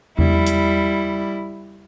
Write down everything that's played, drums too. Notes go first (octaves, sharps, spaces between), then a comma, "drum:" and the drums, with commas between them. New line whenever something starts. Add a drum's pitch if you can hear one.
G3 E4, drum: tom E2
drum: hi-hat